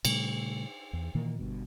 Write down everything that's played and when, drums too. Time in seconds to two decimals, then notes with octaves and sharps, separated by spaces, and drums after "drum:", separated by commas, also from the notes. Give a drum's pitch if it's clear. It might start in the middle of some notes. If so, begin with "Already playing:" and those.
0.05 A#2 C#3 G3 A3, drum: cymbal
0.93 E2
1.15 A#2 D#3 E3 A#3
1.39 G1 G2 B2